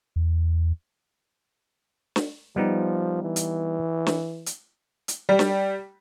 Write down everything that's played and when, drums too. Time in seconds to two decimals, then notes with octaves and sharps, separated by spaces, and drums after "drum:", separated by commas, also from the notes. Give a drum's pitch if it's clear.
0.16 E2
2.16 drum: snare
2.56 F3 G3 B3 D#4
3.22 E3
3.36 drum: hi-hat
4.07 drum: snare
4.46 drum: hi-hat
5.08 drum: hi-hat
5.29 G3
5.39 drum: snare